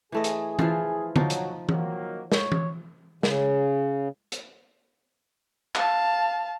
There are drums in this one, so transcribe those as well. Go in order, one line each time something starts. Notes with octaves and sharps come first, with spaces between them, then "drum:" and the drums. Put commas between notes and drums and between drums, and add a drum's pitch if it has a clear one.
E3 A3 G#4 D#5
drum: hi-hat
E3 F3 F4, drum: tom E3
F3 F#3 D#4, drum: tom D3
drum: hi-hat
D#3 F#3 A#3, drum: tom E3
C#5, drum: snare
drum: tom E3
C#3, drum: snare
drum: hi-hat
F5 A5, drum: clap